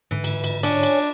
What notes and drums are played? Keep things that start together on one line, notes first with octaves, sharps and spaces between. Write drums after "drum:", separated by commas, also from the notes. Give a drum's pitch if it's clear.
G#2 D3 E3
drum: cymbal
drum: cymbal
C#4 D4, drum: cymbal
drum: cymbal